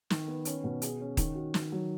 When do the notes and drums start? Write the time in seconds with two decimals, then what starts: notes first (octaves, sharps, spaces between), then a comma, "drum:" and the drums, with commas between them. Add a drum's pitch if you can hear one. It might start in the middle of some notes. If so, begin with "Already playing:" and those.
0.10 D#3, drum: snare
0.27 B3
0.45 C#4, drum: hi-hat
0.64 B2
0.82 G#4, drum: hi-hat
1.00 C#4
1.17 D#3, drum: kick D#1, hi-hat
1.35 F#4
1.54 D#3, drum: snare
1.72 F#3